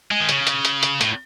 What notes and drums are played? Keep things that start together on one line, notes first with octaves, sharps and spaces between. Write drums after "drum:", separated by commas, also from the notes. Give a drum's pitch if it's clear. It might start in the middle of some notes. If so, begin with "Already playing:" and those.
G#3
D#3
C#3, drum: hi-hat
drum: hi-hat
drum: hi-hat
drum: hi-hat
A2, drum: hi-hat